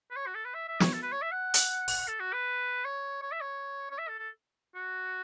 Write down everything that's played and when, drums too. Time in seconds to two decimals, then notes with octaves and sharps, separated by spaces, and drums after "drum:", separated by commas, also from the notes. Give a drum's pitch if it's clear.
0.11 B4
0.16 C#5
0.27 F#4
0.35 A4
0.45 B4
0.54 E5
0.68 E5
0.80 C#5, drum: snare
0.93 A4
1.02 B4
1.12 C#5
1.22 E5
1.32 F#5
1.54 drum: hi-hat
1.88 drum: open hi-hat
2.08 A4
2.20 F#4
2.33 B4
2.85 C#5
3.22 C#5
3.32 E5
3.41 C#5
3.91 C#5
3.99 E5
4.08 A4
4.19 A4
4.75 F#4